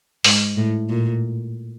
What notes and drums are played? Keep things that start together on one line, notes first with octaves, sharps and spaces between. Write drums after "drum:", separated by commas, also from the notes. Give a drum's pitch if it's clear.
G#2, drum: open hi-hat
A2
A#2